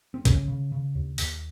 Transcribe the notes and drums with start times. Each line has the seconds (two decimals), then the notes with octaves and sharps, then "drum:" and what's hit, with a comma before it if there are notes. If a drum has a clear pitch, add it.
0.14 C4
0.25 C#3 C#4, drum: kick A#1, hi-hat
0.48 C#3
0.72 C#3
0.95 D#2
1.18 D#2, drum: open hi-hat